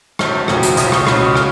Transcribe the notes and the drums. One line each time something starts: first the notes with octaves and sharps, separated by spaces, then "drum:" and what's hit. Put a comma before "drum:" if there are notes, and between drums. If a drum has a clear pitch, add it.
G#1 F#2 D#3 F#3 F6, drum: rim click
F#1 F2 C#3 F#3, drum: rim click
drum: hi-hat
C#2 C#3 F3 D#6, drum: hi-hat
C#6, drum: rim click
C#2 C#3 F#3 B5, drum: rim click
D#6
C#6
F6, drum: rim click